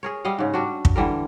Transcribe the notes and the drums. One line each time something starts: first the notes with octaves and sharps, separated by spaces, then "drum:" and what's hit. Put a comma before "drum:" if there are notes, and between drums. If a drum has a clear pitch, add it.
G#4 A#4 C#5
G3 D#5 F5 F#5
G#2 C#3
G3 D4 F#4
drum: kick
D3 E3 G3 A#4